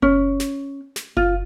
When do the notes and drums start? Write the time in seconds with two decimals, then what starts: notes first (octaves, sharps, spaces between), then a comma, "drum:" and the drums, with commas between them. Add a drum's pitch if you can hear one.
0.02 C#4, drum: kick F#1
0.40 drum: snare
0.96 drum: snare
1.17 F4, drum: kick F#1